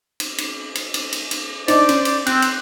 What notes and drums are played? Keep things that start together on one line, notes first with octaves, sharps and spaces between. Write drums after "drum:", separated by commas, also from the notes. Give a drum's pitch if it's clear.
drum: cymbal
drum: cymbal
drum: cymbal
drum: cymbal
drum: cymbal
drum: cymbal
D4 D#4 C5 D5, drum: cymbal
C#4, drum: cymbal
drum: cymbal
C4 F#6, drum: cymbal
drum: cymbal